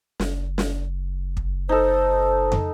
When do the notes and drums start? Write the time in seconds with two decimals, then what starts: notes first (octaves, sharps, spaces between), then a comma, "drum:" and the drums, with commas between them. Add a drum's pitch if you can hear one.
0.20 F#1, drum: snare
0.58 drum: snare
1.37 drum: kick
1.69 D#4 A4 C5
2.52 drum: tom